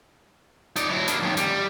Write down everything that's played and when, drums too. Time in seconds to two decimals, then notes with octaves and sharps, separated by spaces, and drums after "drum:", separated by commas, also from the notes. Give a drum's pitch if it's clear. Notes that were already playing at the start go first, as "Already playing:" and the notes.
0.76 D#4 D5, drum: hi-hat
0.89 F#3 E4
1.08 A#3 D4, drum: hi-hat
1.23 F#2 D#3
1.37 G3, drum: hi-hat